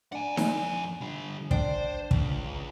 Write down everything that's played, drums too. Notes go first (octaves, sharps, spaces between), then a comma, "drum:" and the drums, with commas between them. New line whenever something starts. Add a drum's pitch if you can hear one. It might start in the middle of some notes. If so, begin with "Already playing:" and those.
D4 F#5 G#5
F2 G#5, drum: snare D#4
D3 G3
D4 C5 D5 G5, drum: kick
C#2, drum: kick